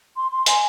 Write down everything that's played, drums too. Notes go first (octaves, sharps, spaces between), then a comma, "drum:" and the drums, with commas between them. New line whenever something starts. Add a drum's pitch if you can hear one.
C6
C6
G#5, drum: hi-hat